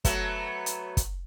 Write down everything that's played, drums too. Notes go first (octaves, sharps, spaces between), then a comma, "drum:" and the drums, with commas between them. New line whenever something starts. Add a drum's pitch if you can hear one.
F#3 A3 B3, drum: kick, hi-hat
drum: hi-hat
drum: kick, hi-hat